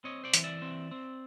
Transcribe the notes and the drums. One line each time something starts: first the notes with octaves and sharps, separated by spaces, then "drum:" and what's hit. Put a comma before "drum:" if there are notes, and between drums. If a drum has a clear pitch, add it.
C4 C#5 D#5
C5 D5
E3, drum: hi-hat
D5 E5
C4
C4